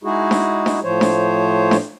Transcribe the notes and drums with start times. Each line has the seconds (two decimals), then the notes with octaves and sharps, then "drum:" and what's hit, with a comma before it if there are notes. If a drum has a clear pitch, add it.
0.04 G#3 D#4 E4 F#4 G#4
0.31 drum: snare D4
0.66 drum: snare D4
0.83 A2 F3 C5 C#5
1.01 drum: snare D4
1.71 drum: snare D4